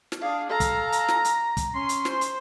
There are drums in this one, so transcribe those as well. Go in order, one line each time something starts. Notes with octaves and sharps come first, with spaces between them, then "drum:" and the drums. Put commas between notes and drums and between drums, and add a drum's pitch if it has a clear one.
drum: snare
D4 G#4 F5
A4 F5 A#5
drum: kick, hi-hat
drum: hi-hat
drum: snare
drum: hi-hat
drum: kick, hi-hat
C#4 C6
drum: hi-hat
C5, drum: snare
drum: hi-hat